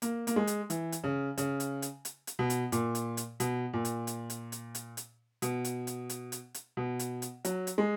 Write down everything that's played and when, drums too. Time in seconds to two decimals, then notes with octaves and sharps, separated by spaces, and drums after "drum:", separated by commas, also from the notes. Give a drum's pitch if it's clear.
0.02 A#3, drum: hi-hat
0.27 A#3, drum: hi-hat
0.36 G#3
0.47 drum: hi-hat
0.70 E3, drum: hi-hat
0.92 drum: hi-hat
1.04 C#3
1.38 C#3, drum: hi-hat
1.60 drum: hi-hat
1.82 drum: hi-hat
2.05 drum: hi-hat
2.27 drum: hi-hat
2.39 B2
2.50 drum: hi-hat
2.72 A#2, drum: hi-hat
2.95 drum: hi-hat
3.17 drum: hi-hat
3.40 B2, drum: hi-hat
3.73 A#2
3.85 drum: hi-hat
4.07 drum: hi-hat
4.30 drum: hi-hat
4.52 drum: hi-hat
4.75 drum: hi-hat
4.97 drum: hi-hat
5.42 B2, drum: hi-hat
5.65 drum: hi-hat
5.87 drum: hi-hat
6.10 drum: hi-hat
6.32 drum: hi-hat
6.54 drum: hi-hat
6.77 B2
6.99 drum: hi-hat
7.22 drum: hi-hat
7.45 F#3, drum: hi-hat
7.67 drum: hi-hat
7.78 G#3